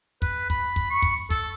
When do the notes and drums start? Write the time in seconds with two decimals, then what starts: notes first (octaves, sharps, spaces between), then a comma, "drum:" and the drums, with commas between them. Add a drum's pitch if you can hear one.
0.22 B4, drum: kick
0.50 B5, drum: kick
0.76 drum: kick
0.90 C#6
1.02 drum: kick
1.30 A4, drum: kick